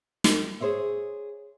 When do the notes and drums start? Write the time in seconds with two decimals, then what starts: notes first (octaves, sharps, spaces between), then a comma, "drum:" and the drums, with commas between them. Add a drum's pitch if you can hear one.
0.24 drum: snare
0.60 G#4 C5 C#5 E5